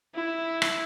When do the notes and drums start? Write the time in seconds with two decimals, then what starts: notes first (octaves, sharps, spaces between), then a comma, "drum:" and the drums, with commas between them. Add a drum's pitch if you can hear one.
0.14 E4
0.62 drum: rim click